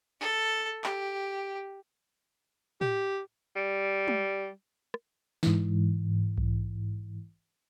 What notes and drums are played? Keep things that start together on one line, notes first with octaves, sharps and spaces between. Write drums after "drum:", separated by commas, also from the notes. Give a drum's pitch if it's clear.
A4
G4, drum: clap
G4, drum: tom A2
G3
drum: tom
drum: rim click
G#2 E3, drum: snare
drum: kick B1